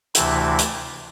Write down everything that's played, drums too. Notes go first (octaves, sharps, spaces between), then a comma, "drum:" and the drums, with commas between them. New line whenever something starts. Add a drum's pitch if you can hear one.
D2 C3 E3 A3 E4, drum: hi-hat
drum: hi-hat